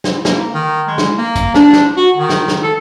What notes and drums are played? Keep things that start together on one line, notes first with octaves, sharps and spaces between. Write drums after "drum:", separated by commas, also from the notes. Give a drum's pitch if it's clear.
drum: snare
A#3, drum: snare
D#3
G#3
drum: snare
A#3
drum: kick, hi-hat
D4, drum: snare
drum: snare
F#4
D#3
drum: snare
drum: snare
A4